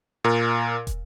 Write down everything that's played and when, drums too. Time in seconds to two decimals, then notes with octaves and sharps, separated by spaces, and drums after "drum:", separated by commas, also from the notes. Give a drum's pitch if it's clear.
0.24 A#2 A#4
0.87 drum: kick, hi-hat